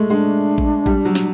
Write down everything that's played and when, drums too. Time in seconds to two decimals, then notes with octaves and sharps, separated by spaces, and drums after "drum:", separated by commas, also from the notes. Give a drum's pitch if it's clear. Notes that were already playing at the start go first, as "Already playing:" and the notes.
Already playing: G#3 A3
0.10 G#3 D4
0.58 drum: kick A1
0.86 G3, drum: kick A1
1.05 F#3
1.15 drum: snare